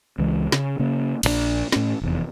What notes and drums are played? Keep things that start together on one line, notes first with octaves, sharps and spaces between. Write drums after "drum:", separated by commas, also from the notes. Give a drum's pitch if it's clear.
C#2 E3 G#3
C#3, drum: snare
C#3 A#3
A#1 D3 D4, drum: cymbal
A2 C#4, drum: snare
F1 E2